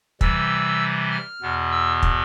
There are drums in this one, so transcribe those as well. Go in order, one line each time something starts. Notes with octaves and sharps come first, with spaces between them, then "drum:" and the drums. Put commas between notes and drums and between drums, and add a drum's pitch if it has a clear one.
C3 E3 G3 E6, drum: kick
F6
E2 B2 B3
E6
drum: kick